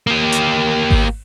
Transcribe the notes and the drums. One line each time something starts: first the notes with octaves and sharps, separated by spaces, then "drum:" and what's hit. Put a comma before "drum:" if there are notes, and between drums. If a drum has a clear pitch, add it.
A#3 G4
drum: hi-hat
drum: kick G#1